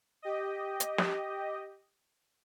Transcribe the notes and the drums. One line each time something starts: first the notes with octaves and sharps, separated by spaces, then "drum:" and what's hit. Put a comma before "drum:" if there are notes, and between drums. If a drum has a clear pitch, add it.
G4 D#5
drum: hi-hat
drum: snare